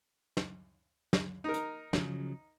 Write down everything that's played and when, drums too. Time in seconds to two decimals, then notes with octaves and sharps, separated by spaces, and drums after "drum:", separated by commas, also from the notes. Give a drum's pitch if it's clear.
0.37 drum: snare
1.13 drum: snare
1.44 D#4 A#4
1.54 drum: hi-hat
1.93 C#3 F3 F#3, drum: snare